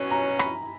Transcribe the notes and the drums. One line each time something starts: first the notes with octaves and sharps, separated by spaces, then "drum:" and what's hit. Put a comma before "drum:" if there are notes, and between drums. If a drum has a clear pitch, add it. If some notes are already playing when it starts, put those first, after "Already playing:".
Already playing: B2 F#3 C#4 G#5
A#5
B5, drum: rim click